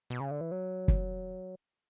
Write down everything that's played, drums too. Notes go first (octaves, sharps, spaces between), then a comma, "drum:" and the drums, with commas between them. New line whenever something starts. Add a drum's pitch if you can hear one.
B2
C#3
D3
E3
F#3
drum: kick